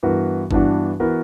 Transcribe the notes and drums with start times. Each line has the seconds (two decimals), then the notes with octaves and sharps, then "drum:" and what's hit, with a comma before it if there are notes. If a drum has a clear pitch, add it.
0.03 G2 E3 B3 F#4 A#4
0.51 G2 E3 B3 D4 F#4, drum: kick G1
1.00 E3 B3 F#4 A#4